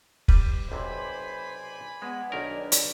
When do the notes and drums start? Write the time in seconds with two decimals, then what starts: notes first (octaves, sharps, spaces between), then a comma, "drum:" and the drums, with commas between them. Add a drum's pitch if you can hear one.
0.28 G3 B4, drum: kick
0.72 B1 C3 C5 D5 G#5 B5
2.02 G#3 B3
2.32 B1 D#3 D4 A#4
2.72 drum: hi-hat